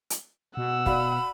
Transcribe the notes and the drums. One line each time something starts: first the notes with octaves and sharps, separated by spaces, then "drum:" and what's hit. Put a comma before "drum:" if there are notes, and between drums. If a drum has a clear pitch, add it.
drum: hi-hat
B2 F#5 E6
F#4 D5 F5 B5, drum: kick